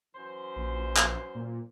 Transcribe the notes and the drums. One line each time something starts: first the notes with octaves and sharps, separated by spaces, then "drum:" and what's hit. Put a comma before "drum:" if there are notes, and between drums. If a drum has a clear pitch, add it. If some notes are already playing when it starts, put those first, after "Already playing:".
F#2 E3 C5
A#1
drum: clap
A#2